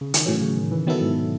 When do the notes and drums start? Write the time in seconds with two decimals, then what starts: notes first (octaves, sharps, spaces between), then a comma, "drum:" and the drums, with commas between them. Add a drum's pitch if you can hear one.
0.01 C#3
0.14 D#3, drum: hi-hat
0.26 A2 E3 F#3 C#4
0.41 C#3
0.57 D#3
0.71 E3
0.87 B2 D#3 F#3 B3 E4 A4
1.02 G#2